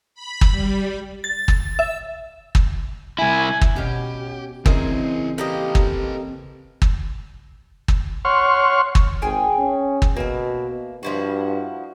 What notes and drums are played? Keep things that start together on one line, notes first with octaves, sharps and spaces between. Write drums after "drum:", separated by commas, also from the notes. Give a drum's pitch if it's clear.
B5
drum: kick
G3
A6
drum: kick
E5
drum: kick
C2 E4 G#5
drum: kick
B2 C#4 G4
C#3 E3 C4 E4 G#4 A#4 D#5, drum: kick
A#3 G4 A4 B4 D#5
drum: kick
drum: kick
drum: kick
C#5 F#5 C6 C#6 F6
drum: kick
G#1 G#4 G5 G#5
C#4
drum: kick
B2 A#3 E5
G2 F3 E4 F#4